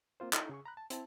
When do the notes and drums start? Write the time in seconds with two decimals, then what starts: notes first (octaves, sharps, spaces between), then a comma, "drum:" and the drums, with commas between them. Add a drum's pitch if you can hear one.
0.20 A#3 C4 F4 C5
0.33 D#4 E4 A4, drum: clap
0.49 C#3 G#4 C#6
0.66 A#5 B5 F#6
0.77 A5
0.90 C4 E4 A5, drum: hi-hat